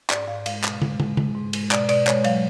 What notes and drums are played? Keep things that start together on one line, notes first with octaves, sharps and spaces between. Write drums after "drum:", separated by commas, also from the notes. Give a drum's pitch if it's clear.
G#2 D5, drum: clap
G#2 F5
G#3 F5, drum: cymbal
B2, drum: clap
G#3, drum: tom
G#3, drum: tom
G#3, drum: tom
G#2
G#3, drum: cymbal
B2 D5, drum: clap
B2 D5, drum: cymbal
G#3 C#5, drum: clap
F#3 F5, drum: cymbal